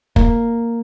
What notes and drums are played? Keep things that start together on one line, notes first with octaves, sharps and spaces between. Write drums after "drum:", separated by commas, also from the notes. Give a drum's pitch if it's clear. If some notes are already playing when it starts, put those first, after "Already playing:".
A#3, drum: kick